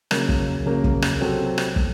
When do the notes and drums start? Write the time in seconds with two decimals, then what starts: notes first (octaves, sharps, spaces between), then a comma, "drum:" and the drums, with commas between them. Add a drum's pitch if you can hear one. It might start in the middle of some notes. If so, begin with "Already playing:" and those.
0.11 C#3 F#3 A#3, drum: rim click
0.29 drum: kick
0.66 C#3 F#3 A#3
0.84 drum: kick
1.02 drum: rim click
1.21 C3 F#3 C4 F#4 A4
1.58 drum: rim click
1.76 drum: kick